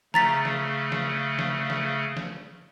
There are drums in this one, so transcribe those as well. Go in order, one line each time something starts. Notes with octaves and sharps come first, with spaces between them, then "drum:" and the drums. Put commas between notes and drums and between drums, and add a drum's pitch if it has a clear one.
C#3 A3 A#5 A6 B6, drum: snare
drum: snare
drum: snare
drum: snare
drum: snare
drum: snare